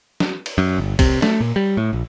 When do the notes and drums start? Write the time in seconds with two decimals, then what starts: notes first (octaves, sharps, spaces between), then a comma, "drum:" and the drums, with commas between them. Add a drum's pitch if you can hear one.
0.20 drum: snare
0.46 drum: cymbal
0.58 F#2
0.78 G1
0.99 C3, drum: kick, cymbal
1.22 A3, drum: snare
1.40 A#2
1.56 G3
1.77 A2
1.93 A#1